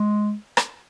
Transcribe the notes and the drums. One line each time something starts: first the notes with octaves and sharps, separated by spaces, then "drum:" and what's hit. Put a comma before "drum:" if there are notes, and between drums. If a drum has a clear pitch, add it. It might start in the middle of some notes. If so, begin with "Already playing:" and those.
Already playing: G#3
drum: rim click